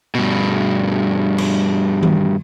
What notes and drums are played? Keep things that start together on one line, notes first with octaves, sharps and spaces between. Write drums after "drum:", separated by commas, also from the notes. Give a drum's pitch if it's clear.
G2 B2
drum: cymbal
drum: tom D#3